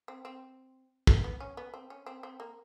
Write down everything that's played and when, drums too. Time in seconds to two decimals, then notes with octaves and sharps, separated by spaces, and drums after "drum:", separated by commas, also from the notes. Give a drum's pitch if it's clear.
0.08 C4
0.25 C4
1.07 A3, drum: kick
1.24 B3
1.41 C#4
1.57 B3
1.74 C4
1.90 C#4
2.06 C4
2.23 C4
2.40 A#3